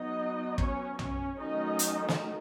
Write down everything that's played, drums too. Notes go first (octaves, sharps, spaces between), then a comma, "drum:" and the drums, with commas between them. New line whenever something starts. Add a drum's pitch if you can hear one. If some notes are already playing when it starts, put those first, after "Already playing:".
Already playing: F#3 B3 D#4 D#5
C#4 C#5, drum: kick
C#4 C#5, drum: tom B1
D#3 F#3 A3 C#4 D#4 D#5
drum: hi-hat
drum: snare